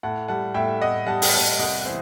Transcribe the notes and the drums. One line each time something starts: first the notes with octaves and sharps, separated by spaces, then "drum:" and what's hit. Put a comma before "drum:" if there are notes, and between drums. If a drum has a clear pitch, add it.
A2 F#5 A5
G3 F#5 A5
A2 E5 G5
A2 D#5 F#5
G3 F#5 A5
G5, drum: open hi-hat
G3 F#5 A5
C2 D#5 F#5
F#5
E3 C5 E5